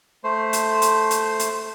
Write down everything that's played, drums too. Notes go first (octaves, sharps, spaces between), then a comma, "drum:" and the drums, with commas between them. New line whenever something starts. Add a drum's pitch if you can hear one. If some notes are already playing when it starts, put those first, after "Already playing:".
A3 C5
drum: hi-hat
drum: hi-hat
drum: hi-hat
drum: hi-hat